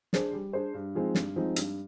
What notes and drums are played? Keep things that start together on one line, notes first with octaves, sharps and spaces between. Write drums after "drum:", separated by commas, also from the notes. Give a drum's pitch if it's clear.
D4 G#4 C5, drum: snare
G3
D4 G#4 C5
G2
F3 G#3 C4 D#4
G2, drum: snare
F3 G#3 C4 D#4
G2, drum: hi-hat